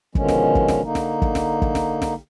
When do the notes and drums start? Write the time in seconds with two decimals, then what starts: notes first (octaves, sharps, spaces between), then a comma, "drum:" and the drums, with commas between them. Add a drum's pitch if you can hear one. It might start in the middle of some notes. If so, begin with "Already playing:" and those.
0.15 B2 D3 D#3 F3 G#3 C#4, drum: kick
0.28 drum: snare
0.55 drum: kick
0.68 drum: snare
0.83 D3 A#3 D#4
0.95 drum: snare
1.22 drum: kick
1.35 drum: snare
1.62 drum: kick
1.75 drum: snare
2.02 drum: snare